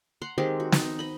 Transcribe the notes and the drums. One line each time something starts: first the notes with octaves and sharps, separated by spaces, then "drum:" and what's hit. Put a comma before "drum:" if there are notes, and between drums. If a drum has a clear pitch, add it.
F#5 A#5 C6
D#3 G#3 C4 G4
F#4
D#4, drum: snare
D#5 B5